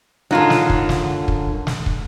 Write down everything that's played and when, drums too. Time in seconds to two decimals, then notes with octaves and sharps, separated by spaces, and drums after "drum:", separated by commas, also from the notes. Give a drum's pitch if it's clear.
0.31 F#2 D3 F#3 D#4 F4 F#5
0.50 drum: snare
0.70 drum: kick
0.89 drum: snare
1.28 drum: kick
1.67 drum: snare
1.86 drum: kick